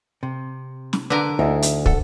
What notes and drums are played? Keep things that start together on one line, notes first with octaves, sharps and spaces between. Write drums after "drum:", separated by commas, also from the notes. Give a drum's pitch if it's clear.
C3
drum: snare
D3 A#4 B4
D2 D#4 E4
drum: hi-hat
A4 F#5, drum: kick